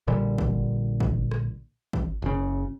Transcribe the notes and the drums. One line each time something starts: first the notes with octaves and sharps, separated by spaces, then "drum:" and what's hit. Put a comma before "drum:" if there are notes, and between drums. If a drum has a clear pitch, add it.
A#1 A#2 D3 G3
drum: kick
drum: kick
drum: rim click
drum: kick
F#1 C#3